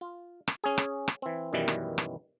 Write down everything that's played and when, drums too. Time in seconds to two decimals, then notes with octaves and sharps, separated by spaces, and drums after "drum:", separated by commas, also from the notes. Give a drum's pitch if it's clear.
0.01 F4
0.48 drum: rim click
0.64 C#4 G#4
0.78 drum: rim click
1.08 drum: rim click
1.22 E3 C4
1.53 F#2 B2 D#3 E3 G3
1.68 drum: rim click
1.98 drum: rim click